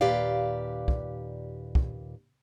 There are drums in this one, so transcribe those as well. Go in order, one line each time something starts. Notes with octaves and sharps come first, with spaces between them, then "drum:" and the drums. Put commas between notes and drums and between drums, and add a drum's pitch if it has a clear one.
D#2 A#2 G4 B4 D5 F5
drum: kick
drum: kick